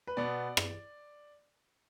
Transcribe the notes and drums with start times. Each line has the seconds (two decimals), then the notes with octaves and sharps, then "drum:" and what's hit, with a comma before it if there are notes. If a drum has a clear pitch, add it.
0.07 B4
0.17 B2 B3 D5
0.57 drum: rim click